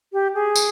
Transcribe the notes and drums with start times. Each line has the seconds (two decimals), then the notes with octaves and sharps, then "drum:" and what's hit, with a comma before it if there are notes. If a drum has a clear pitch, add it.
0.13 G4
0.35 G#4
0.56 drum: tambourine